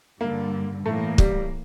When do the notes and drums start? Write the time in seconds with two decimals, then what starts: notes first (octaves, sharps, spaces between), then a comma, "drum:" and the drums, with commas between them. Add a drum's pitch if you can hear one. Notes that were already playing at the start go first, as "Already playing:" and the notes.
0.20 G2 D3 G3 A#3
0.86 A2 E3 A3 A#3
1.18 G3, drum: kick